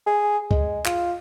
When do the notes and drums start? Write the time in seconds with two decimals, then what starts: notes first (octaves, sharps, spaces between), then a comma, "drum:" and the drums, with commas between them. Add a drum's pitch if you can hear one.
0.07 G#4
0.51 G#3, drum: kick
0.86 F4, drum: clap